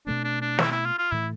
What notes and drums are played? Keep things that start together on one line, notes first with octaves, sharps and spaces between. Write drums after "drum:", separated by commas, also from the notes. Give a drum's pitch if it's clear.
B2 A3 C4 D4
D4
D4
E4, drum: snare
E4
F4
F4
A2 E3 A3 E4